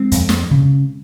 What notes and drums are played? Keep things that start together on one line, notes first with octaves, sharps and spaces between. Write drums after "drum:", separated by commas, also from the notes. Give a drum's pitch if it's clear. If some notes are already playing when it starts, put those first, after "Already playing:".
Already playing: G#3 C4
F2, drum: hi-hat
drum: snare
C#3